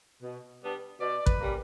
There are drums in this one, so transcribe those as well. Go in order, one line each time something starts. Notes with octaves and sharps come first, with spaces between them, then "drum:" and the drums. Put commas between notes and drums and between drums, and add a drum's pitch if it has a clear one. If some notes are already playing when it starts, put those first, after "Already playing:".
B2
G3 B3 D4
B2 D5
B4, drum: kick
G3 A#3 C#4